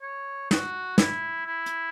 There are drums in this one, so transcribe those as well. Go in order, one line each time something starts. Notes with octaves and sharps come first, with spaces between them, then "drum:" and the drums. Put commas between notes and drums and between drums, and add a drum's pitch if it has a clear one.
C#5
F#4, drum: snare
E4, drum: snare
E4
drum: hi-hat